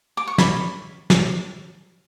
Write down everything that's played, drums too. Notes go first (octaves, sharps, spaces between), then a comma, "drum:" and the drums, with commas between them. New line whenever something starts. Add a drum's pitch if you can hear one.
D6
C#6
B5, drum: snare
drum: snare